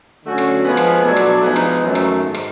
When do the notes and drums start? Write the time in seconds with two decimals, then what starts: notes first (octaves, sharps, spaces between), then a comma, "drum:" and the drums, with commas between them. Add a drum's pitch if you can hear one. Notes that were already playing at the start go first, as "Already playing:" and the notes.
0.25 D3 F#3 A3 C#4 F#4
0.38 drum: rim click
0.65 F3 G#3 B3, drum: hi-hat
0.77 drum: rim click
0.90 drum: hi-hat
1.04 B2 F#3 A3 D4
1.16 drum: rim click
1.42 F3 G#3 B3 D#4, drum: hi-hat
1.56 drum: rim click
1.69 drum: hi-hat
1.82 F#2 D#3 F#3 A3
1.95 drum: rim click
2.21 G#2
2.34 drum: rim click